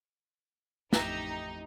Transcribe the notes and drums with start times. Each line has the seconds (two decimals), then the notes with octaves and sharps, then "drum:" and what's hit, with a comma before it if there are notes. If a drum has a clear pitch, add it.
0.93 A1 F2 D#4 G4 E5 A#5, drum: snare